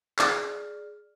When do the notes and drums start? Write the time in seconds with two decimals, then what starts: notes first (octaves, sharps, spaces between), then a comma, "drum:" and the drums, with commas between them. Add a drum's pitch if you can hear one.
0.19 G#4 D5 F6, drum: clap